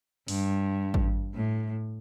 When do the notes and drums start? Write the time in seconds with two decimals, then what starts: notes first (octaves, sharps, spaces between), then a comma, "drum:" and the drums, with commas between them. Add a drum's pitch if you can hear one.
0.28 G2, drum: open hi-hat
0.94 drum: kick
1.35 A2